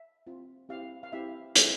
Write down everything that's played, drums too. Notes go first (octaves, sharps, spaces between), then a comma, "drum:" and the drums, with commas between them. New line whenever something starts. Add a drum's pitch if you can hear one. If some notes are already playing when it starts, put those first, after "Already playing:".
Already playing: E5
C4 F4
C4 E4 G4 F5
F5
C4 E4 G4 E5
G#3 C4 E4, drum: hi-hat